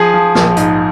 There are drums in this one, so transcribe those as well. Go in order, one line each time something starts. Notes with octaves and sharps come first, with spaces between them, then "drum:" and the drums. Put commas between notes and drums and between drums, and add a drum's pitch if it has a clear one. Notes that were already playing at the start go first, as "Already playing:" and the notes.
Already playing: F3 G#4
F3
A#1, drum: snare
G#2, drum: hi-hat